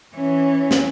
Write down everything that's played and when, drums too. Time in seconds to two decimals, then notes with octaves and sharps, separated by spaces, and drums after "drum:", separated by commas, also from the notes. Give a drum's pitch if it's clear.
0.15 E3 C#4
0.71 drum: snare